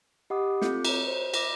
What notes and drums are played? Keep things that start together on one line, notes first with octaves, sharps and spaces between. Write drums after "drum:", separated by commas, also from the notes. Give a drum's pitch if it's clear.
G4 D#5 F#5 B5 D6 D#6
C4 F4 A4 D6 G6 C#7, drum: snare
C#5 A#5, drum: cymbal
C5
E5 D6 A#6, drum: cymbal